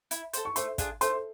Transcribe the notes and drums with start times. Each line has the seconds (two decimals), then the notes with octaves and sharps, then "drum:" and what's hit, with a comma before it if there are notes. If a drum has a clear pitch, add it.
0.11 E4, drum: hi-hat
0.33 A4 C5, drum: hi-hat
0.45 C#6
0.56 A3 C5 C6, drum: hi-hat
0.78 D4 F4 G#4, drum: kick, hi-hat
1.01 A3 C5 C6, drum: hi-hat